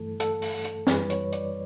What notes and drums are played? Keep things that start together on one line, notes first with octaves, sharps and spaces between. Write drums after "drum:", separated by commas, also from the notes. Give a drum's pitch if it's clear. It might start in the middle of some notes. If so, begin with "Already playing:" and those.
Already playing: G2 E3 A3 A4
A4, drum: hi-hat
drum: open hi-hat
drum: hi-hat
F#2 E3 G3 B4, drum: snare
C#5, drum: hi-hat
D5, drum: hi-hat